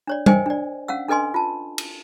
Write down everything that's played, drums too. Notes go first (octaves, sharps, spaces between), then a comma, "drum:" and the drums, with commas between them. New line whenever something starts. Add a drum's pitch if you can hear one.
D4 C#5 D5
A#4 C5 D#5 G5 G#5, drum: tom G3
D4 D5
C#4 F5 F#5 E6
D4 A4 B4 D#5 G#5 C6
F4 A5
drum: cymbal